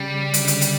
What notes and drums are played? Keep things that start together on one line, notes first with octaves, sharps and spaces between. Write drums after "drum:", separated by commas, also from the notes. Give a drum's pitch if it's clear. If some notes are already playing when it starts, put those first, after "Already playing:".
Already playing: C#3 G3
D3, drum: hi-hat
drum: hi-hat
drum: hi-hat